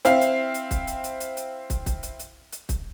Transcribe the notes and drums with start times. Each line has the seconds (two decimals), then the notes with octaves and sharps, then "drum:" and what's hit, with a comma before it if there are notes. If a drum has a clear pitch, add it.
0.05 C4 E4 F5, drum: hi-hat
0.21 drum: hi-hat
0.54 drum: hi-hat
0.71 drum: kick, hi-hat
0.87 drum: hi-hat
1.04 drum: hi-hat
1.20 drum: hi-hat
1.37 drum: hi-hat
1.70 drum: kick, hi-hat
1.86 drum: kick, hi-hat
2.03 drum: hi-hat
2.19 drum: hi-hat
2.52 drum: hi-hat
2.69 drum: kick, hi-hat